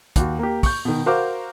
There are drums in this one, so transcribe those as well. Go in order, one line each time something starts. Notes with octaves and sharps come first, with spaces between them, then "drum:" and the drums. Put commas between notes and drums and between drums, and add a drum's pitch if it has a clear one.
D#2 F#4, drum: kick, hi-hat
A#3 G4
C#6 G6, drum: kick, open hi-hat
B2 D#3
F#4 A#4 C5 F5 D6